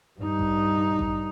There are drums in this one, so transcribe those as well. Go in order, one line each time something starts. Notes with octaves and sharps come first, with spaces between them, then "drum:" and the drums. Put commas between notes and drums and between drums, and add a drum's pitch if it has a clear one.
G2 D#4
drum: kick A1
drum: kick A1